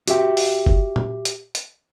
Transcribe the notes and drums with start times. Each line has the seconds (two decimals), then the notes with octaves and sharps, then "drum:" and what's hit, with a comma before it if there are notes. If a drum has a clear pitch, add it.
0.08 F#4 G4 E5 G5, drum: hi-hat
0.37 drum: open hi-hat
0.66 drum: kick F#1
0.96 drum: tom A#2
1.25 drum: hi-hat
1.55 drum: hi-hat